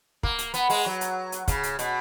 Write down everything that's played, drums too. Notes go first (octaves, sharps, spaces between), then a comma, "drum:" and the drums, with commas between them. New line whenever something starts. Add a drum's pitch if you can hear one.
A#3, drum: kick
drum: hi-hat
B3, drum: hi-hat
G#3, drum: open hi-hat
F#3
drum: hi-hat
drum: hi-hat
C#3, drum: kick, hi-hat
drum: hi-hat
B2, drum: hi-hat